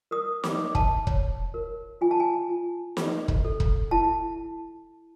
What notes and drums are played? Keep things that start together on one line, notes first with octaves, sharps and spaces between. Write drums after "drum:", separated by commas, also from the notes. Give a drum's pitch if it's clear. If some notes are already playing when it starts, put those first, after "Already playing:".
A#4 D#6
D6, drum: snare
C#5
A5, drum: kick
C#5, drum: kick
A#4
F4 G#5
A5
G#5
F4
A4, drum: snare
drum: kick
A4
drum: kick
E4 A5